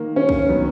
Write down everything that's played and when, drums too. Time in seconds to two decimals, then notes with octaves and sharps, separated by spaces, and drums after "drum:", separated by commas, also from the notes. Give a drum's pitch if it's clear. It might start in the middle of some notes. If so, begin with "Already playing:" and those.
Already playing: D#3 A#3
0.16 C#4
0.29 drum: kick B1
0.49 D#3 F#3 B3